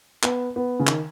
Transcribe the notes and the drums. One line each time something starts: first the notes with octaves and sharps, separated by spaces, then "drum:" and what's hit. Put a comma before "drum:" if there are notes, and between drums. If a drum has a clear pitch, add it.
B3, drum: clap
B3
C#3
D#3, drum: clap